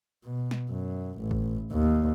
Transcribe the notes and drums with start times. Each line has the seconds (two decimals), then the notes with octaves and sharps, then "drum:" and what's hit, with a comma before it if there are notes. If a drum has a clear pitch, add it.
0.25 B2
0.51 drum: snare
0.70 F#2
1.20 A1
1.31 drum: kick G#1
1.72 D#2